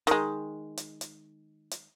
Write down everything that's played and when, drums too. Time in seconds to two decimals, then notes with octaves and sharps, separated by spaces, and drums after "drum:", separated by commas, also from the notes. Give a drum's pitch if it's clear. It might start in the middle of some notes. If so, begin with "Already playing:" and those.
0.07 D#3 G#3, drum: hi-hat
0.77 drum: hi-hat
1.01 drum: hi-hat
1.71 drum: hi-hat